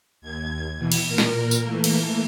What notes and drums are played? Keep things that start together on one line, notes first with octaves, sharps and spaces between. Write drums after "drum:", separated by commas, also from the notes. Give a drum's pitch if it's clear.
D#2 G#6
B2 E3
drum: cymbal
A#2 A#4
drum: snare
drum: tambourine
E3 A3 A#3
drum: cymbal